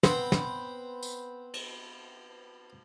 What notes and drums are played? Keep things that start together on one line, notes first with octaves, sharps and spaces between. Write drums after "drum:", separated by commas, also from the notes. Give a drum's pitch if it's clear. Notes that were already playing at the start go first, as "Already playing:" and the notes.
B3 C4 C5, drum: snare
drum: snare
drum: tambourine
drum: cymbal